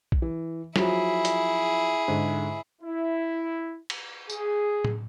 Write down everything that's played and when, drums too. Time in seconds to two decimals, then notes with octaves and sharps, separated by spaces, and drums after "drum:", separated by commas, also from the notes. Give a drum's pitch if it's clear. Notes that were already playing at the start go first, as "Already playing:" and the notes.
0.12 drum: kick
0.22 E3
0.76 F3 F#3 E4 G#4, drum: snare
1.25 drum: hi-hat
2.08 G#2 D3
2.82 E4
3.90 drum: cymbal
4.30 G#4, drum: tambourine
4.85 drum: tom A2